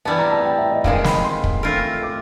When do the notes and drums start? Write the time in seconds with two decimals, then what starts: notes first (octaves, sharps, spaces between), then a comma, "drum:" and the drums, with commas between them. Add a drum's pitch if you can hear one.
0.05 E3 G3 B3 A5
0.19 A#5
0.32 A5
0.45 G5
0.58 E5
0.71 D#5
0.84 C3 D#3 G#3 F5, drum: kick
1.04 B5, drum: snare
1.24 C6
1.44 drum: kick
1.63 A3 C4 F4 A#4
2.03 D6